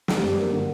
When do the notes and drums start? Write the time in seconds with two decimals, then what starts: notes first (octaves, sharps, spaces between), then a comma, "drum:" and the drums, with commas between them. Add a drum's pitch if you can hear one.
0.08 G3, drum: snare
0.22 G2
0.38 A#3
0.53 D3